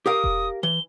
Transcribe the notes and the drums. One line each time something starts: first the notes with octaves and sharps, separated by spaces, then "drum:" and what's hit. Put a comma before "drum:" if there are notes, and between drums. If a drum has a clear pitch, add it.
G4 A#4 F5 D#6
drum: kick E1
E3 G7